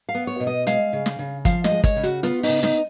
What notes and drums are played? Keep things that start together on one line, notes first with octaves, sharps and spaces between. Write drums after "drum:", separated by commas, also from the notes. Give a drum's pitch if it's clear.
F5
B3
C#5
B2
D#5
G#3 F5, drum: hi-hat
C#3
drum: snare
C#3
F3 F5, drum: kick, hi-hat
D#5, drum: snare
G#3
C#5, drum: kick, hi-hat
C#3
F#4, drum: hi-hat
B3 F4, drum: hi-hat
D#4, drum: open hi-hat
C#3
D#4, drum: snare